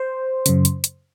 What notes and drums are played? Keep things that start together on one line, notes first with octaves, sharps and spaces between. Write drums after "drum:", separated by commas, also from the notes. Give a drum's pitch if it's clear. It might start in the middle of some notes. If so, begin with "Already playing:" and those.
Already playing: C5
F#2 C#3, drum: hi-hat
drum: hi-hat
drum: hi-hat